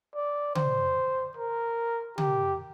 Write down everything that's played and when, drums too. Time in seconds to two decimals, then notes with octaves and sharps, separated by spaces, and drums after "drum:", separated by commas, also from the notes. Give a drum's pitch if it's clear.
0.15 D5
0.55 C5, drum: tom C#3
1.37 A#4
2.18 G4, drum: tom C#3